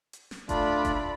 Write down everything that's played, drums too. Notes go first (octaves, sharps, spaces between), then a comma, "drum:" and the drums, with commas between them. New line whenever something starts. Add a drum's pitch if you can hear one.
drum: hi-hat
drum: snare
A3 D4 F4 D5 B5, drum: kick F1, hi-hat
drum: kick F1, hi-hat